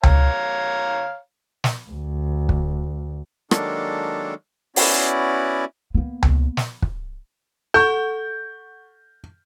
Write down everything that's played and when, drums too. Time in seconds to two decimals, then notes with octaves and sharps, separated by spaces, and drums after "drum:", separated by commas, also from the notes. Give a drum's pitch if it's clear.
0.03 C#5 F5 A#5, drum: tom C#2
1.64 drum: snare
1.90 D2
2.49 drum: kick
3.51 D#3 F#3 G#3 A#3 D4 A4, drum: rim click
4.76 B3 C#4 E4 F#4 D5, drum: open hi-hat
5.94 A#3 B3
6.23 drum: tom C#2
6.57 drum: snare
6.82 drum: kick
7.74 A4 F#5 C#6 G6